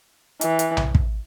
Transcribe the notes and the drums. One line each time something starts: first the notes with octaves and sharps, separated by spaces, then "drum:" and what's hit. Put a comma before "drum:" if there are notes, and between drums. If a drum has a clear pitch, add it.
E3, drum: hi-hat
drum: hi-hat
drum: tom B1
drum: kick